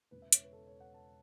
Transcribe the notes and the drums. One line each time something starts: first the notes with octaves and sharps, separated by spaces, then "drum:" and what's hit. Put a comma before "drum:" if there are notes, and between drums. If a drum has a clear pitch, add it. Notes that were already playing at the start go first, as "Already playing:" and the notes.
E1 E2 C#3 B4
E5
C#5, drum: hi-hat
B4
A4
C#5
F#5
A5